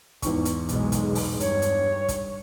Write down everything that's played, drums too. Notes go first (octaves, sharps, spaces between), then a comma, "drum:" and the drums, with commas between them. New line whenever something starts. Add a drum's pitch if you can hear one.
E2 G#2 C#6, drum: kick, hi-hat
drum: hi-hat
B1 G#3, drum: hi-hat
drum: kick, hi-hat
drum: open hi-hat
G2 C#5, drum: hi-hat
drum: hi-hat
drum: kick, hi-hat